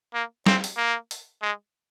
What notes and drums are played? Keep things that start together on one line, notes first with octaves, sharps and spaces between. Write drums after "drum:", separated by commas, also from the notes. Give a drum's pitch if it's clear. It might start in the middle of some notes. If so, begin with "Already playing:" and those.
A#3
C4, drum: snare
drum: open hi-hat
A#3
drum: open hi-hat
G#3